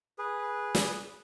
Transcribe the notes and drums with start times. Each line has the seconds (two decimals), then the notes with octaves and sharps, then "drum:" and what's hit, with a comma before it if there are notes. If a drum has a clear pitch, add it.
0.18 G#4 B4
0.75 drum: snare